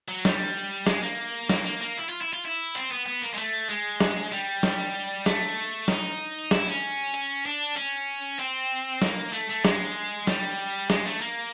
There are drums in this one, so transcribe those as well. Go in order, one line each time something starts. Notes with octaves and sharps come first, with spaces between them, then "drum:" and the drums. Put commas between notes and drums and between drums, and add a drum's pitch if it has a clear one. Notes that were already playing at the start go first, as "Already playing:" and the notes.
F#3
G3, drum: snare
G#3, drum: snare
A#3
A#3, drum: snare
A#3
A#3
E4
F4
E4
F4
E4
C4, drum: hi-hat
B3
B3
A#3
G#3
A3, drum: hi-hat
G#3
drum: snare
G3
drum: snare
A3, drum: snare
D#4, drum: snare
E4, drum: snare
C#4
drum: hi-hat
D4
C#4, drum: hi-hat
C4, drum: hi-hat
A#3, drum: snare
A3
A3
G#3, drum: snare
G3, drum: snare
G#3, drum: snare
A3
A#3